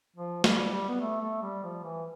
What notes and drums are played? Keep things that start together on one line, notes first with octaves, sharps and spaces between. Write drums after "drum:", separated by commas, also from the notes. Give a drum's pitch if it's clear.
F3
G3, drum: snare
G3
B3
A3
A3
G3
F3
E3